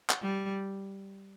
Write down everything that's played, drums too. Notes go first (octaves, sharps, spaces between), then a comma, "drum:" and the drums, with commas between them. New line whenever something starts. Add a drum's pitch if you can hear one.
drum: clap
G3